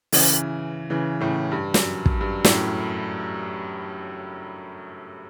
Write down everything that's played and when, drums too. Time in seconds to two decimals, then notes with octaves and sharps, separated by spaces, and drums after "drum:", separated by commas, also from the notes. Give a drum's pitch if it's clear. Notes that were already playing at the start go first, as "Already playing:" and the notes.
0.13 C#3 E3, drum: open hi-hat
0.90 C#3 E3
1.20 A2 C#3
1.52 G2
1.74 F#2, drum: snare
2.06 drum: kick
2.21 G2
2.44 F#2 A2, drum: snare